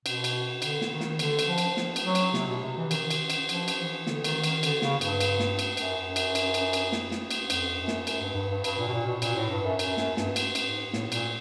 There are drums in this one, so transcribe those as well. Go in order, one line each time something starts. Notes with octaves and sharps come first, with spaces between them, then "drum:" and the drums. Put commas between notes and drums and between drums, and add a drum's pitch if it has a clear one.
B2, drum: cymbal
drum: cymbal
D3, drum: cymbal
drum: snare
D#3
drum: snare
D3, drum: cymbal
drum: cymbal
F3
drum: cymbal
drum: snare
drum: cymbal
F#3
drum: cymbal
C3, drum: snare
B2
C3
E3
D#3, drum: cymbal
drum: cymbal
drum: cymbal
F3, drum: cymbal
drum: cymbal
E3
D3, drum: snare
D#3, drum: cymbal
D#3, drum: cymbal
D3, drum: cymbal
C#3, drum: snare
G2, drum: cymbal
drum: cymbal
drum: snare
drum: cymbal
F#2, drum: cymbal
F#2
drum: cymbal
drum: cymbal
drum: cymbal
drum: cymbal
drum: snare
drum: snare
drum: cymbal
F2, drum: cymbal
F#2
drum: snare
F#2, drum: cymbal
G2
G2
G2
G2, drum: cymbal
A#2
B2
A#2
B2
A#2, drum: cymbal
A2
G2
F#2
F#2, drum: cymbal
F#2, drum: snare
G2, drum: snare
drum: cymbal
drum: cymbal
G#2
A2, drum: snare
A#2, drum: cymbal